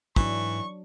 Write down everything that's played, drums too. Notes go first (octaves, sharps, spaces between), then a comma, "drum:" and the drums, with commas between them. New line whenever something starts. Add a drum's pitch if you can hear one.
G#2 E3 F#3 D4 C#6, drum: kick